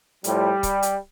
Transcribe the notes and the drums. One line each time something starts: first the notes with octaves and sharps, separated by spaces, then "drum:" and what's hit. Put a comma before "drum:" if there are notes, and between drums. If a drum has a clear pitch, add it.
A2 F3 G3, drum: hi-hat
drum: kick C#1, hi-hat
drum: hi-hat